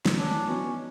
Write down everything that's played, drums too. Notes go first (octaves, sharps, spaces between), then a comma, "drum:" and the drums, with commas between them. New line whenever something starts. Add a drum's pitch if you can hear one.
drum: snare
E3 A3 C#4 D4
F#3 B3 C#4 D#4 F#4